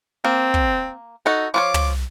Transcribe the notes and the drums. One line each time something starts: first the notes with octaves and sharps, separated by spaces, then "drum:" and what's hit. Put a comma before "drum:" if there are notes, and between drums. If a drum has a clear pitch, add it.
A#3 C4
drum: kick
D#4 F#4 A4
F3 F4 C#5 D6
drum: tom